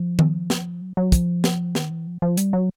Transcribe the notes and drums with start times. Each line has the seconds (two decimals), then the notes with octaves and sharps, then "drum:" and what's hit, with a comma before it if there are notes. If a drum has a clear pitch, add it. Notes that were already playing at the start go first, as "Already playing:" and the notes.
Already playing: F3
0.19 drum: tom D#3
0.50 drum: snare
0.81 F#3
0.97 F#3
1.12 F3, drum: kick, hi-hat
1.44 drum: snare
1.75 D#3, drum: snare
1.90 E3
2.07 F3
2.22 F3
2.37 G3, drum: hi-hat
2.53 F#3